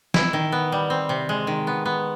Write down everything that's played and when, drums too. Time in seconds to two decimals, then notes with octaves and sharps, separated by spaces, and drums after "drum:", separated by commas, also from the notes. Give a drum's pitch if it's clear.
0.14 E4, drum: snare
0.33 D#3
0.52 B3
0.72 G3
0.90 C4
1.09 C3
1.29 G#3
1.47 D#3
1.67 B3
1.85 B3